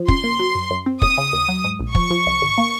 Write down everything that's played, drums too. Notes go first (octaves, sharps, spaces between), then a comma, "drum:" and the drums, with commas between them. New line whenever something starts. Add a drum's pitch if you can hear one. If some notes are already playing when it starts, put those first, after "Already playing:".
Already playing: F3
C#3 C6, drum: kick
A#3
F#3
F#2
F#2
C4
D#2 D#6, drum: kick
C#3
D#2
F#3
G#2
A#1
F3 C#6, drum: kick
F3
C2
G#1
A#3